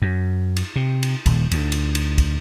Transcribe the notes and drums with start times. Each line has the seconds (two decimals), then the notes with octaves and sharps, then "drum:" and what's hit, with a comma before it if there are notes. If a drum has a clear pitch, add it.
0.02 F#2
0.57 drum: cymbal
0.76 C3
1.03 drum: cymbal
1.26 D#1, drum: kick, cymbal
1.51 D2, drum: cymbal
1.72 drum: cymbal
1.95 drum: cymbal
2.18 drum: kick, cymbal